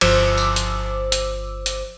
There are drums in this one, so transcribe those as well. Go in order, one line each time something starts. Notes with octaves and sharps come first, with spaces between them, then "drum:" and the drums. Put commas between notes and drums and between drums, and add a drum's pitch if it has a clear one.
G1 F3 C5 D6 E6, drum: cymbal
drum: tambourine
drum: hi-hat
drum: hi-hat
drum: hi-hat